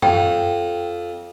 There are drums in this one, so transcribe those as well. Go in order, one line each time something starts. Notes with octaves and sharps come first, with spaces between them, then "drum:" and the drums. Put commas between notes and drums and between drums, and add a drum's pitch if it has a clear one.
F2 G5, drum: tom F#2